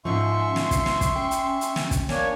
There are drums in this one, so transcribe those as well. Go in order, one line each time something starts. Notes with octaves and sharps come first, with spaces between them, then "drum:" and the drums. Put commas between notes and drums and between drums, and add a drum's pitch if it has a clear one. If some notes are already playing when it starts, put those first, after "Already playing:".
G#2 F3 C#4 E5 C6 C#6
drum: snare
drum: kick, hi-hat
drum: snare
drum: kick, hi-hat
C#4 G5
drum: hi-hat
drum: hi-hat
drum: snare
drum: kick, hi-hat
A#3 D4 C#5 G#5, drum: snare